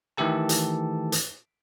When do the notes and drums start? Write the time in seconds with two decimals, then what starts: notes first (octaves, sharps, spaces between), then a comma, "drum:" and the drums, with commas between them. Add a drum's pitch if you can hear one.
0.17 D#3 E3 A3 G4 A4 A5
0.49 drum: hi-hat
1.12 drum: hi-hat